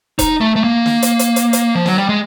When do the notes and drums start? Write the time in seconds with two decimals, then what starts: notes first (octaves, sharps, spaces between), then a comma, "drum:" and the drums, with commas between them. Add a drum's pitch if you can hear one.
0.19 D#4, drum: kick E1, hi-hat
0.41 A3
0.56 A3
0.64 A#3
0.86 drum: snare
1.02 drum: hi-hat
1.19 drum: hi-hat
1.36 drum: hi-hat
1.53 drum: hi-hat
1.75 F3
1.86 F#3, drum: snare
1.98 G3
2.09 G#3